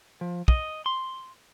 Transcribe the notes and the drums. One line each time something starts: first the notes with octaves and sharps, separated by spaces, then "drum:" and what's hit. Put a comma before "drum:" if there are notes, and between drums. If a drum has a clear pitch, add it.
F3
D#5, drum: kick
C6